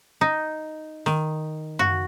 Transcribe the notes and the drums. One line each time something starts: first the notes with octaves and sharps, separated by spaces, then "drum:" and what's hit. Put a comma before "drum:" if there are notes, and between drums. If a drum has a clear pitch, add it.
D#4
D#3, drum: snare
F#4, drum: tom F#2